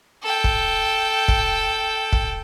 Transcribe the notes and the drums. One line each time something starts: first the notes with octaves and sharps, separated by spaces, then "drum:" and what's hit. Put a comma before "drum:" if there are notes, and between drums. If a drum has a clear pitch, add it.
A4 G5
drum: kick
drum: kick
drum: kick